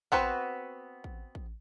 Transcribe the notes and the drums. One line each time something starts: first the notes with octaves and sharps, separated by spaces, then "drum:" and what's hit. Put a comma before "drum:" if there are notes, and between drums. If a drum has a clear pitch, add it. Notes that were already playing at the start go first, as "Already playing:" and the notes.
B3 C4 F#4 B4, drum: kick A1
drum: kick A1
drum: kick A1